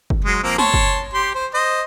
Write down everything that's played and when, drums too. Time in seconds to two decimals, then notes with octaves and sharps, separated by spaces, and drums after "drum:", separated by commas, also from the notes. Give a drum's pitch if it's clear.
0.10 drum: kick F#1
0.25 F#3 G#3
0.43 F3 A#3 C4
0.58 C#5 A5 C6, drum: snare
0.74 drum: kick F#1
1.14 G4 C6
1.34 C5
1.54 C5 D#5